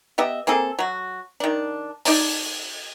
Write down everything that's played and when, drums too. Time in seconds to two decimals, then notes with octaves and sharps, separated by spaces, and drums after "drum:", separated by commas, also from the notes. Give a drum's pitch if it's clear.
0.18 B3 G4 D#5 E5
0.47 A#3 C4 G#4 A4
0.79 F#3 F#4
1.40 D#3 D4
2.05 D#4 D5 A5, drum: open hi-hat